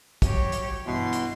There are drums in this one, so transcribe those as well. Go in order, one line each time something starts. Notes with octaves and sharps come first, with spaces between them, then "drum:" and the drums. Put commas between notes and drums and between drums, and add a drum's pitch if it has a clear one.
F#3 G4 C#5, drum: kick, hi-hat
drum: hi-hat
G2 B2 E3 C6
drum: hi-hat